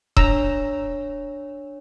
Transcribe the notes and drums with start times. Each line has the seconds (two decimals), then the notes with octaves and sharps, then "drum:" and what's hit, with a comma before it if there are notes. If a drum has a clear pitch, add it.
0.17 D4 C#5 A#5 E6, drum: kick D#1